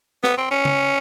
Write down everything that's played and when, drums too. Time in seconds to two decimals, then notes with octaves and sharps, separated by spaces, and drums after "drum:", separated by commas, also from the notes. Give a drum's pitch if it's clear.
0.24 B3, drum: snare
0.37 C4
0.51 C#4
0.65 drum: tom C#3